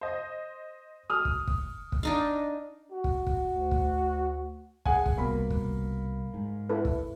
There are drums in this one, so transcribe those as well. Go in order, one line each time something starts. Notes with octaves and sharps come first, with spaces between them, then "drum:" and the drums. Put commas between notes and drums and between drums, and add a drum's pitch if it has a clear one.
C5 D#5
D#6 F6
drum: kick
drum: kick
drum: kick
D4 D#4 F5
F#4
drum: kick
drum: kick
D2
drum: kick
G#4 F#5 G#5, drum: kick
drum: kick
C2 B2 A#3 B5
drum: kick
G#2
E4 A4 B4
drum: kick